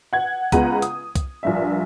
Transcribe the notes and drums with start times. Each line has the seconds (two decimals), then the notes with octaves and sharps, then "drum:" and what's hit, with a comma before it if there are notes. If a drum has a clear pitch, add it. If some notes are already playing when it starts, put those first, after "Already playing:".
0.13 F#5 G#6
0.52 C#2 G#3 B3 F#5 A#5 D#7, drum: kick, hi-hat
0.82 D#6, drum: hi-hat
1.15 drum: kick, hi-hat
1.43 A#1 G2 E5